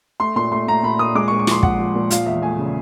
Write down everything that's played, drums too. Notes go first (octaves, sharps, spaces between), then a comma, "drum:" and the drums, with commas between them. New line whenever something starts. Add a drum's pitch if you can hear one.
A3 C6
A#2 C6
A3 C6
A3 A#5
A#2 B5
A#2 D#6
G#3 D6
C#6
A#2
C#6
F3 C6, drum: snare
F3 F#5, drum: kick
F3
A#2
F3 F5, drum: hi-hat
E2 E5
A3 G#5
C#3